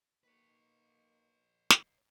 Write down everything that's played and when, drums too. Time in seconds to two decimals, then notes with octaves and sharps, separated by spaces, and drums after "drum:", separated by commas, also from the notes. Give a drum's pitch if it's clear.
0.24 D#3 A#3 B4 C#5
1.70 drum: snare